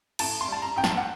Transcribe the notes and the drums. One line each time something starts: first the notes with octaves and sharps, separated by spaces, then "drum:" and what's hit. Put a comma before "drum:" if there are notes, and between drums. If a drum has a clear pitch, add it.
A2 A5, drum: cymbal
C6
G3 A5
A#5
A1 G5
A5, drum: snare
F#5